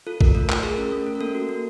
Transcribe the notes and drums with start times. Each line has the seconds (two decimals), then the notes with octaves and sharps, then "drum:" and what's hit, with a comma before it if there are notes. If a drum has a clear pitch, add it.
0.07 F4 A4
0.21 F4 A#4, drum: kick
0.35 A3 A#4
0.50 A3, drum: clap
0.63 G#4 A#4
0.78 C#4
0.92 A3
1.07 C#4
1.15 A#4
1.21 A#3 A4
1.35 F#4
1.49 A#3